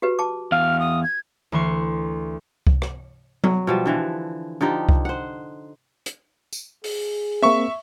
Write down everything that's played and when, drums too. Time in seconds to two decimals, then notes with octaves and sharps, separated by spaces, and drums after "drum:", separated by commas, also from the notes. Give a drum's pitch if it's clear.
0.02 F#4 G4 B4
0.19 A5 D6
0.52 E2 F5 F6
0.80 D#6
1.03 G#6
1.52 D2 E3 C6 C#6
2.67 drum: kick C2
2.82 drum: rim click
3.44 F#3, drum: tom F#3
3.67 B2 F3 G3
3.86 D3 E3 F3
4.61 D3 F3 D#4 G4
4.89 drum: kick C2
5.05 C5 F#5
6.06 drum: hi-hat
6.53 drum: tambourine
6.84 G#4, drum: open hi-hat
7.43 A#3 C4 E5 C#6